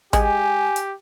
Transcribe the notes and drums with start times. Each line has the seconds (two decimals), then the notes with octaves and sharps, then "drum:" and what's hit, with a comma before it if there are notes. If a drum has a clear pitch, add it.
0.13 G#3 G4 G#5, drum: kick, hi-hat
0.76 drum: hi-hat